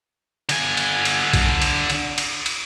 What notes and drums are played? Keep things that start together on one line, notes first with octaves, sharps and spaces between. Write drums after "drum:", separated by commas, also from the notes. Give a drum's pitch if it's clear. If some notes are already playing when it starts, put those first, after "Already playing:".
D3 G#5, drum: cymbal
drum: cymbal
drum: cymbal
drum: kick, cymbal
drum: cymbal
drum: cymbal
drum: cymbal
drum: cymbal